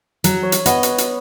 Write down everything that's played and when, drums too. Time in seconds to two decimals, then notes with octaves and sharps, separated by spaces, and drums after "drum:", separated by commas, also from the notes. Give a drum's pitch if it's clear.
0.24 F#3, drum: hi-hat
0.43 C#5
0.52 drum: hi-hat
0.66 B3 D#5, drum: hi-hat
0.83 B4, drum: hi-hat
0.98 drum: hi-hat